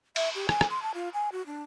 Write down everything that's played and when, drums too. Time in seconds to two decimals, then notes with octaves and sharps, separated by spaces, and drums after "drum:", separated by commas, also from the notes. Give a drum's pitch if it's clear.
0.16 E5, drum: cymbal
0.35 G4
0.49 G#5, drum: rim click
0.61 drum: rim click
0.70 C6
0.82 A5
0.94 F4
1.14 G#5
1.32 F#4
1.46 D4